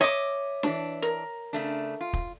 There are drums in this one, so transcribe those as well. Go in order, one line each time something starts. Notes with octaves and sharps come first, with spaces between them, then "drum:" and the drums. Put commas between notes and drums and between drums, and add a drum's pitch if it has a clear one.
C#5 D#5 E5 D6
E3 D4, drum: snare
A#4
C#3 A3 D4
F4
drum: kick